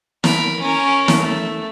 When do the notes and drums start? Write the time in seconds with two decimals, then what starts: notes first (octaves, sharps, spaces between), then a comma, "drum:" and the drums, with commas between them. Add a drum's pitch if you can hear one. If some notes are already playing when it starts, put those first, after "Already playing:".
0.24 A#4 B5, drum: snare
0.60 C#4 A#4
1.08 drum: snare
1.19 A3